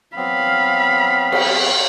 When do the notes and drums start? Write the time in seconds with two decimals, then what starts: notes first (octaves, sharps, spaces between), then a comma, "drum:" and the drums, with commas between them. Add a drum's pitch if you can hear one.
0.16 F#3 B3 C4 F5 B5
1.32 drum: cymbal